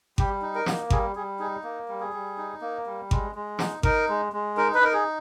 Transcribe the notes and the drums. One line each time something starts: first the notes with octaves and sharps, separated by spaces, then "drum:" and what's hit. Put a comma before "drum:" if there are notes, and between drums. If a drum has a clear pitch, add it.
G3 G4, drum: kick G#1
D#4
A#4
A#3, drum: snare
G3 G#4, drum: kick G#1
G3 G#4
D#4 G#4
A#3
G3
G#4
G3
D#4
A#3
G3
G#3, drum: kick G#1
G#3
D#4, drum: snare
D#4 A#4, drum: kick G#1
G#3
G#3
D#4 A#4
B4
D#4 A#4
G#4